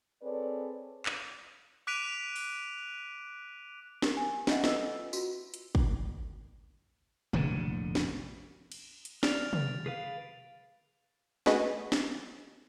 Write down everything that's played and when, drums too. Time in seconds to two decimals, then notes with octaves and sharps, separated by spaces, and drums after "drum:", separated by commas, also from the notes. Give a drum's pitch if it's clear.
0.23 C4 G#4 A4 B4 C#5 D5
1.06 drum: clap
1.87 D6 F#6 B6 D7 D#7 F7
2.36 drum: open hi-hat
4.02 G4 A#4, drum: snare
4.17 G#5
4.47 C#4 E4 C#5 D#5 E5 F#5, drum: snare
4.64 F4 A4 B4 D#5 E6, drum: snare
5.13 F4 F#4, drum: tambourine
5.54 drum: hi-hat
5.75 drum: kick
7.33 F1 A#1 A2 D3, drum: tom
7.95 drum: snare
8.72 drum: cymbal
9.05 drum: hi-hat
9.23 D5 F6 A6 D7 F7, drum: snare
9.53 drum: tom
9.86 G#4 B4 F5
11.46 A3 F#4 G#4 B4 D#5, drum: snare
11.92 drum: snare